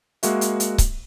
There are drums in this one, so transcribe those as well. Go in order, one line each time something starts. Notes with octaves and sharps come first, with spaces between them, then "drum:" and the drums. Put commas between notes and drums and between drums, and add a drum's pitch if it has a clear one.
G#3 A#3 F#4 E5, drum: hi-hat
drum: hi-hat
drum: hi-hat
drum: kick C#1, hi-hat